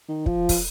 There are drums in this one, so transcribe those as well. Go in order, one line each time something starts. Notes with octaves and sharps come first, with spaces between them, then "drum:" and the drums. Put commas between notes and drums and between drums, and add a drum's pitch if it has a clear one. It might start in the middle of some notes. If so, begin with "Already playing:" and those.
D#3
F3, drum: kick
drum: kick, open hi-hat